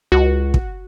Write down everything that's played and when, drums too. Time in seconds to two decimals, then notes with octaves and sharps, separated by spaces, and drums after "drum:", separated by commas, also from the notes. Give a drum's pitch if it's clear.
0.12 C#2 F#4
0.54 drum: kick